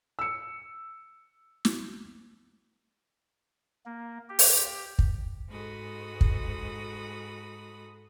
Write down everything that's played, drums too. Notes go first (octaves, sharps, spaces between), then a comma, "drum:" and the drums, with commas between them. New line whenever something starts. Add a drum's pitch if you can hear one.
E6 C#7
drum: snare
A#3
G4
drum: open hi-hat
drum: kick
G#2 G#3 F#4 A4 B5 D#6
drum: kick